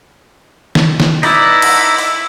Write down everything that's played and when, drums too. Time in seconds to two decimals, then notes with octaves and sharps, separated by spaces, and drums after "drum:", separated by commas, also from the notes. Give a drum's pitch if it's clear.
0.75 drum: snare
1.00 drum: snare
1.23 D#4 E4 B4 D5, drum: open hi-hat
1.62 drum: cymbal
1.98 drum: open hi-hat